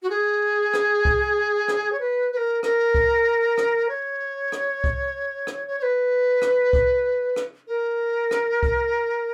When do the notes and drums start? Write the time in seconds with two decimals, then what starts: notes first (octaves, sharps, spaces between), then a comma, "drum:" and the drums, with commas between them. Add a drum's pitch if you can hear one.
0.03 F#4
0.10 G#4
0.74 drum: rim click
1.05 drum: kick C2
1.68 drum: rim click
1.92 C#5
2.00 B4
2.32 B4
2.37 A#4
2.63 A#4, drum: rim click
2.95 drum: kick C2
3.58 drum: rim click
3.89 C#5
4.52 drum: rim click
4.84 drum: kick C2
5.47 drum: rim click
5.67 C#5
5.79 C#5
5.82 B4
6.42 drum: rim click
6.73 drum: kick C2
7.36 drum: rim click
7.67 A#4
8.31 drum: rim click
8.63 drum: kick C2